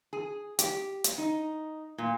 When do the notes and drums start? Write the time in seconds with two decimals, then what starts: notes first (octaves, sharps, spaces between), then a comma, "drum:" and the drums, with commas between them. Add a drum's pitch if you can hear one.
0.13 G#4
0.59 G4, drum: hi-hat
1.04 drum: hi-hat
1.18 D#4
1.98 A#2